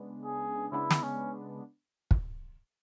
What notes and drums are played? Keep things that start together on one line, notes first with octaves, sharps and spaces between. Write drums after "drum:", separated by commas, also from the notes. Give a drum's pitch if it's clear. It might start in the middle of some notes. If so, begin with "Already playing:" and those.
Already playing: C#3 G#3 B3 D4
G#4
C#3 G#3 B3 D4 E4
drum: snare
C#4
drum: kick